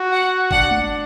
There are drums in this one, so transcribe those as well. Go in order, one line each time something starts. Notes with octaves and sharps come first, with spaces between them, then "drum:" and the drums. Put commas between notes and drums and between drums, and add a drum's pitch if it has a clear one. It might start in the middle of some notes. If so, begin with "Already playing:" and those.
Already playing: F#4
F#5
D4 F#5, drum: kick G1
drum: tom G#3